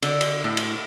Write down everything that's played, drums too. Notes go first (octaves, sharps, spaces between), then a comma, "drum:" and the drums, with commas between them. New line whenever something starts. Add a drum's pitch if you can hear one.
D3, drum: cymbal
drum: cymbal
A2
drum: cymbal